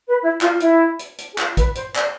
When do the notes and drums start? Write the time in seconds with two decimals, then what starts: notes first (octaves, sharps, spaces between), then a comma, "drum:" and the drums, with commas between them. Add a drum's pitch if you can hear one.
0.08 B4
0.22 E4
0.41 F4, drum: clap
0.60 E4, drum: hi-hat
0.99 drum: hi-hat
1.18 drum: hi-hat
1.32 G#4
1.38 F4, drum: clap
1.57 B4, drum: kick, hi-hat
1.75 C5, drum: hi-hat
1.95 D5, drum: clap